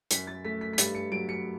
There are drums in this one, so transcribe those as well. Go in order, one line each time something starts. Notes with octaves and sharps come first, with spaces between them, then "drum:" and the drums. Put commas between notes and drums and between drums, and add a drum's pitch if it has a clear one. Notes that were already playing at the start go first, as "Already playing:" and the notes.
F#2 B6, drum: hi-hat
A6
A3 B6
B6
B6
G2 A6, drum: hi-hat
C#7
F#3 D7
C#7